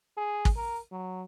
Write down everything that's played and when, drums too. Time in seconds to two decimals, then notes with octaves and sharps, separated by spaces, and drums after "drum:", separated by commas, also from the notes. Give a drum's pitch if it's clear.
0.17 G#4
0.45 drum: kick
0.56 A#4
0.92 F#3